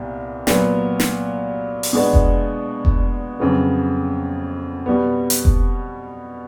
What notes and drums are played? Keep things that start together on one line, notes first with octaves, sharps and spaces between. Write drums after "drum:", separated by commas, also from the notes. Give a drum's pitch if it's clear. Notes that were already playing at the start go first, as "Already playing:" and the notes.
Already playing: C2 A#2 B3
A#2 F#3 B3, drum: snare
drum: snare
drum: open hi-hat
B2 G#3 B3 D4
drum: kick F1
drum: kick F1
F2 C#3 F#3 B3
B2 G3 B3
drum: hi-hat
drum: kick F1